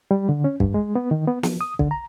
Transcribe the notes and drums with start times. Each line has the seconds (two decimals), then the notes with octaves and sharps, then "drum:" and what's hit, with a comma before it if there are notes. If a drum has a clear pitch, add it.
0.11 G3
0.29 D3
0.44 C#4
0.60 G2, drum: kick B1
0.74 G#3
0.95 B3
1.11 D#3
1.27 B3
1.43 F3, drum: snare
1.61 D#6
1.79 D3, drum: kick B1
1.91 A#5